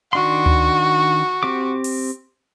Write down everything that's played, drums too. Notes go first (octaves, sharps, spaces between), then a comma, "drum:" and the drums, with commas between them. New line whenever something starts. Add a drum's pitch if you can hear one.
D#3 D4 F#4 C6
drum: tom D2
C4 G4 D6
drum: open hi-hat